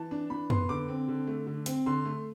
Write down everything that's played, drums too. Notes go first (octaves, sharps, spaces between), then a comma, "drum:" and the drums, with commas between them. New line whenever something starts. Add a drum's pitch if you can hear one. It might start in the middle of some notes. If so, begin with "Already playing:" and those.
Already playing: E3 A5
D4
E3 B5
B3 C6, drum: tom
D3 D6
C4
D3
A3
D3
C4, drum: hi-hat
D3 C6
A3